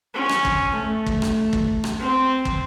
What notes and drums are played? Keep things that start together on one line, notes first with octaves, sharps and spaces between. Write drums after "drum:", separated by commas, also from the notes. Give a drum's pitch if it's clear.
C#4
drum: rim click
drum: kick
A3
drum: kick
drum: rim click
drum: kick
drum: rim click
C4
drum: kick